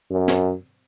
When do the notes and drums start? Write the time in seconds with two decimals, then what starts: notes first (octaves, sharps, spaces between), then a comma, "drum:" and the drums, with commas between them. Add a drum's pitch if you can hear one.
0.11 F#2
0.28 drum: snare